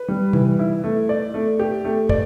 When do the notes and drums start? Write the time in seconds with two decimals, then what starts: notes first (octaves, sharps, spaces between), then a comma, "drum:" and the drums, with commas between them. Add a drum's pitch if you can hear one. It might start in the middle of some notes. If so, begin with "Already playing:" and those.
Already playing: B4
0.08 G3
0.33 E3, drum: tom C3
0.59 E4
0.84 A3
1.09 D5
1.34 A3
1.59 G4
1.85 A3
2.09 D5, drum: kick